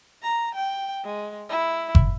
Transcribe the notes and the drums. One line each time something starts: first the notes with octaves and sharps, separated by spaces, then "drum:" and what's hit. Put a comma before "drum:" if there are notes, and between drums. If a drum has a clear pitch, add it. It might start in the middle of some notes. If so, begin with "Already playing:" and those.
A#5
G5
G#3
E4
drum: kick F#1